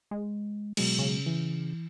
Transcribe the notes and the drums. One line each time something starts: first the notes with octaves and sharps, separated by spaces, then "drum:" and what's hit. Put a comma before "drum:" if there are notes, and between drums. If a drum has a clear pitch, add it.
G#3
B2 F#3 G#3, drum: cymbal
C#3
E3